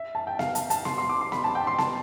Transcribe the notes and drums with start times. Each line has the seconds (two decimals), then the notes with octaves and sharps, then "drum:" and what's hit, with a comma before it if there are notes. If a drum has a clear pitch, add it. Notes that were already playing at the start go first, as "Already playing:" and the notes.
Already playing: E5
0.15 A5
0.27 G5
0.39 F5, drum: snare B3
0.55 A5, drum: hi-hat
0.70 A5, drum: hi-hat
0.85 C6, drum: snare B3
0.98 C6
1.09 D6
1.21 C6
1.32 B5, drum: snare B3
1.44 A5
1.55 G5
1.67 C6
1.78 A5, drum: snare B3